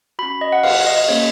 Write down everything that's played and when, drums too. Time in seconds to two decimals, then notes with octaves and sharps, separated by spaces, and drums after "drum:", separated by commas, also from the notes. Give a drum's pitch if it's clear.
0.19 C#4 F#4 B5
0.41 D#5
0.52 F#5
0.63 F5, drum: cymbal
0.86 D#5
1.08 A#3 C#4 G#4 C#5